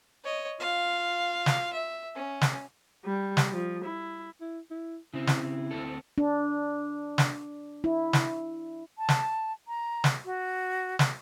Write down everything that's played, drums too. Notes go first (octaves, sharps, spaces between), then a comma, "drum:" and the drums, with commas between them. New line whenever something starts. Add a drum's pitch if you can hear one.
C#5 D#5
F4 F5
drum: snare
E5
C#4
drum: snare
G3
drum: snare
F3
E4
E4
E4
C#3 C4 E4
drum: snare
D2 C4 A4
D4
drum: snare
E4
drum: snare
A5
drum: snare
A#5
drum: snare
F#4
drum: snare